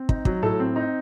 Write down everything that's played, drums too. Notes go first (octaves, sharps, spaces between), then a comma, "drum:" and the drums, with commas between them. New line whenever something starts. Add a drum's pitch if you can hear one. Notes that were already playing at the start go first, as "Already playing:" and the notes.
Already playing: C4
D#4, drum: kick
F#3, drum: kick
A2 A4 A5
C4
D#4